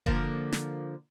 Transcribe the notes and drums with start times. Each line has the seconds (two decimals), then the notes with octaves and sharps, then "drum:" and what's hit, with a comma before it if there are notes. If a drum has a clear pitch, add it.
0.06 D3 F3 A#3, drum: kick F#1
0.52 drum: snare